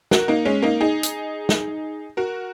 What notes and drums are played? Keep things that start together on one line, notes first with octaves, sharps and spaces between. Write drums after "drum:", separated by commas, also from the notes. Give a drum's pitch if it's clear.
F#4 A#4, drum: snare
A#3 D#4
G#3 C#4
A#3 D#4
D#4 G#4
drum: hi-hat
drum: snare
F#4 A#4